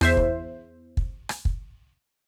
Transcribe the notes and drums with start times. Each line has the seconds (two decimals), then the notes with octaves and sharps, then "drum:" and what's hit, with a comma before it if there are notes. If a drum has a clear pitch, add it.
0.01 E2 C5 E5, drum: rim click
0.17 drum: kick
0.97 drum: kick
1.29 drum: rim click
1.45 drum: kick